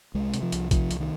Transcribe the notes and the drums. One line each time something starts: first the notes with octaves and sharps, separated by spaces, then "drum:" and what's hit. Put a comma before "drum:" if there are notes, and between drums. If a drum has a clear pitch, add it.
C2 G#3
C3, drum: hi-hat
F3
C2, drum: hi-hat
C3 F3, drum: kick A#1, hi-hat
C2, drum: hi-hat
D#3